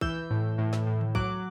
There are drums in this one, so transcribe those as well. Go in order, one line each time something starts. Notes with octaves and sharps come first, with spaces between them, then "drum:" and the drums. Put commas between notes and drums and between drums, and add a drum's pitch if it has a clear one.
E3 E6 G6, drum: kick
A2
A2
drum: snare
A2
drum: tom D3
F#3 D6 F#6, drum: kick